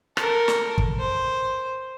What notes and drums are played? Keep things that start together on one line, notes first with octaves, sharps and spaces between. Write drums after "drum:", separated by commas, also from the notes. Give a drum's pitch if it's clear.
A4 A#4, drum: rim click
drum: snare
drum: kick
C5